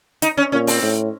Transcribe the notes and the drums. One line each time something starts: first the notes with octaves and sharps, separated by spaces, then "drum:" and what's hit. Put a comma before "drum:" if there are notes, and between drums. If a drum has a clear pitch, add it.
D#4, drum: hi-hat
C#4
A#2 C#4
C4, drum: open hi-hat
A2